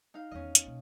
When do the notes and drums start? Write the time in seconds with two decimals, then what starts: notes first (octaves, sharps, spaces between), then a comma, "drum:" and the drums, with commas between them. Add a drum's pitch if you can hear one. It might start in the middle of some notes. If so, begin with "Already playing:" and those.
0.14 D#4 F5
0.31 E2 D#3 C#4 D#5
0.55 drum: hi-hat
0.66 B2 A#3